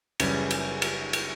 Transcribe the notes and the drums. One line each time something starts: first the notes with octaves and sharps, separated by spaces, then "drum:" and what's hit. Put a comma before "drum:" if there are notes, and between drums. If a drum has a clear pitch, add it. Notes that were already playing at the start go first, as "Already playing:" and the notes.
F#1 F#2 C#3 E3 G3 C#4, drum: cymbal
drum: cymbal
drum: cymbal
drum: cymbal